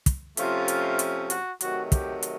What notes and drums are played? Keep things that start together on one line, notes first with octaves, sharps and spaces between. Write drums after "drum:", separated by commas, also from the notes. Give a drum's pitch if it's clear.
drum: kick, hi-hat
C3 F3 A3 C#4 F4, drum: hi-hat
drum: hi-hat
drum: hi-hat
F#4, drum: hi-hat
C3 D#3 F#3 A3 F#4, drum: hi-hat
G4, drum: kick, hi-hat
drum: hi-hat